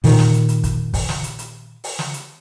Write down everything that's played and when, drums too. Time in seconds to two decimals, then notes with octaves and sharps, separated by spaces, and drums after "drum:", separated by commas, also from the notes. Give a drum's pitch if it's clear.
0.04 A#2 D#3, drum: open hi-hat
0.19 drum: snare
0.34 drum: hi-hat
0.49 drum: hi-hat
0.64 drum: kick, hi-hat
0.94 drum: kick, open hi-hat
1.09 drum: snare
1.24 drum: hi-hat
1.39 drum: hi-hat
1.84 drum: open hi-hat
1.99 drum: snare
2.14 drum: hi-hat